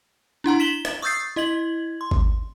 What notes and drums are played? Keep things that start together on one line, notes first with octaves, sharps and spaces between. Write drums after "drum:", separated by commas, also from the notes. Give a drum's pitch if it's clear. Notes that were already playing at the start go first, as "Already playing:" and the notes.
D4 E4 F#5 A#5
B6 E7 F#7 G7
drum: rim click
C#6 D#6 E6 G6 A6 C7
E4 D#5 G#6 F#7
C6
drum: kick G#1